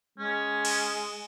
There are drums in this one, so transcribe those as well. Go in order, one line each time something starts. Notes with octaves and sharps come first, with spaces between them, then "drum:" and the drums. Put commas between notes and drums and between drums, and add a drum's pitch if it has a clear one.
G#3 C#4
drum: cymbal